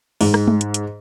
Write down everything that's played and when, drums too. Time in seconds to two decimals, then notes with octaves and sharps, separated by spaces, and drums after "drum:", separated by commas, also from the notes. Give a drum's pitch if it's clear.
0.21 G#2, drum: open hi-hat
0.34 drum: rim click
0.47 drum: tom G#3
0.61 drum: hi-hat
0.74 drum: hi-hat